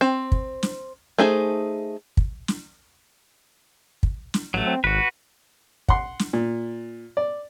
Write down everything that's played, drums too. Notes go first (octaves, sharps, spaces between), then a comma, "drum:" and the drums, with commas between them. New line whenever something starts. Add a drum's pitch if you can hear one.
C4
drum: kick
drum: snare
A3 D#4 G#4 C5
drum: kick
drum: snare
drum: kick
drum: snare
A1 F#3 A3
C4
G#1 F#4 B4
F#5 C6, drum: kick
drum: snare
A#2
D5